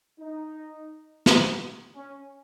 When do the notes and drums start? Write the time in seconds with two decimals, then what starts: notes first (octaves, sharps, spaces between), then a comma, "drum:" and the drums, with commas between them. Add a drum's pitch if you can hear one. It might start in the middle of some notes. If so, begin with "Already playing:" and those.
0.20 D#4
1.26 drum: snare
1.96 C#4